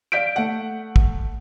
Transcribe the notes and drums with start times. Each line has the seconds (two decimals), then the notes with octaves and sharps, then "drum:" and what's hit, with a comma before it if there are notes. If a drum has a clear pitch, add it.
0.12 D5 F5 G6 B6 D7
0.36 A3 F#5
0.96 drum: kick